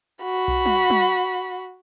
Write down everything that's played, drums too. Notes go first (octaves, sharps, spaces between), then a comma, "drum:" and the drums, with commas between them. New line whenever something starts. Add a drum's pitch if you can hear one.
F#4 B5
drum: kick B1
drum: tom
drum: tom